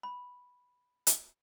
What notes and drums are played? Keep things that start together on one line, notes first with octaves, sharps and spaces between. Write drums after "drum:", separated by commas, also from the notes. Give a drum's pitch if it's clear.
B5
drum: hi-hat